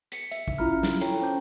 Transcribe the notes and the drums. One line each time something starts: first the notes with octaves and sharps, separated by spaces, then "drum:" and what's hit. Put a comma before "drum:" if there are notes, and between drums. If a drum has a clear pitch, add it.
B6 C#7, drum: hi-hat
E5, drum: hi-hat
drum: kick
C#4 E4 F4 A#5 B5 F6
drum: snare
A4 C#5 G5 A#5, drum: hi-hat
C#4 C5 A5 G6